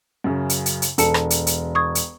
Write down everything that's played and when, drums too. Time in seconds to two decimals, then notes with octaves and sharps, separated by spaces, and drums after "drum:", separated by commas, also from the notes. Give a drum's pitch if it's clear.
0.24 F#2 C#3
0.49 drum: hi-hat
0.66 drum: hi-hat
0.82 drum: hi-hat
0.98 E1 A4 A5 C#7, drum: hi-hat
1.14 drum: rim click
1.30 drum: hi-hat
1.47 drum: hi-hat
1.75 C#6 D#6 G#6
1.95 drum: hi-hat